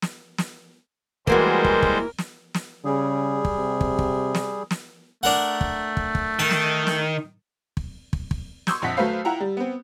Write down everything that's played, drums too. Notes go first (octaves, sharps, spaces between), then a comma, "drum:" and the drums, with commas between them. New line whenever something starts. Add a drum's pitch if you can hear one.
drum: snare
drum: snare
E3 G3 G#3 A#3 F#4 A#4 C5, drum: kick
drum: kick
drum: kick
drum: snare
drum: snare
C#3 G3 G#4
drum: kick
C3
drum: kick
drum: kick
drum: snare
drum: snare
A3 D4 A#4 F#5
drum: kick
drum: kick
drum: kick
D#3 A5
drum: snare
drum: snare
drum: kick
drum: kick
drum: kick
C6 C#6 D#6 E6 G6 G#6, drum: snare
A#1 F2 F#5 B6
F#3 A3 B4 C5 F5
E4 F4 F#5 G5 A#5
G3
B3 C4